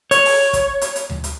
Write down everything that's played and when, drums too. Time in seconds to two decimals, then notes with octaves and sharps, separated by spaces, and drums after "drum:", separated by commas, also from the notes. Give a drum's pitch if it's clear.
0.11 C#5, drum: hi-hat
0.25 drum: open hi-hat
0.53 drum: kick, hi-hat
0.81 drum: hi-hat
0.96 drum: hi-hat
1.10 drum: tom D2
1.24 drum: hi-hat